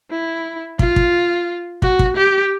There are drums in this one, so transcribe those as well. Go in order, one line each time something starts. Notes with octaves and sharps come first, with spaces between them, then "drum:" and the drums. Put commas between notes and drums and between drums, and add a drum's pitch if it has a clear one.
E4
F4, drum: kick
drum: kick
F#4, drum: kick
drum: kick
G4